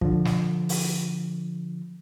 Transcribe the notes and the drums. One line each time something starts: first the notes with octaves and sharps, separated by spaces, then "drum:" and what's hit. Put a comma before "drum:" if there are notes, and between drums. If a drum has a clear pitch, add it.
D3 F3, drum: kick
drum: snare
drum: open hi-hat